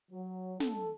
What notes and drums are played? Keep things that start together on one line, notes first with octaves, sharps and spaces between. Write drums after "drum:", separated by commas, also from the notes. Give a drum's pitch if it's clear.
F#3
A4, drum: snare